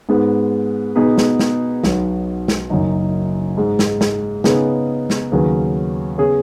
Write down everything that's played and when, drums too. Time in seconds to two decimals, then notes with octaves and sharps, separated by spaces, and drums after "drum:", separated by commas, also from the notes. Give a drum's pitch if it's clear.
0.09 G#2 G#3 B3
0.95 B2 B3 D#4 G#4 B4
1.18 drum: snare
1.39 drum: snare
1.84 B1 B2 F#3 B3, drum: snare
2.48 drum: snare
2.70 F#1 F#2 F#3 D#4
3.57 G#2 G#3 D#4
3.79 drum: snare
4.01 drum: snare
4.44 C#3 B3 D#4 G#4, drum: snare
5.10 drum: snare
5.32 D#2 C#3 F#3 C#4 B4
6.18 C#3 B3 G#4 C#5